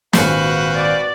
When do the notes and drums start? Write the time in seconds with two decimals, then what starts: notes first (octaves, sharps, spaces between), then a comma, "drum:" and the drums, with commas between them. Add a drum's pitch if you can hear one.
0.13 G#1 A#2 F#4 B4 F5 F#6 G6, drum: snare
0.75 D5